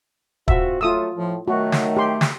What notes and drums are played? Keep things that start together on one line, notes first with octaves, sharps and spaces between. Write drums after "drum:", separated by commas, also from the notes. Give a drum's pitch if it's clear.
C4 F4 F#4 E5, drum: kick
F#3 A3 F4 D#6 E6
A2 F3
D#3 F#3 A3 F#4
drum: snare
G4 C6
drum: snare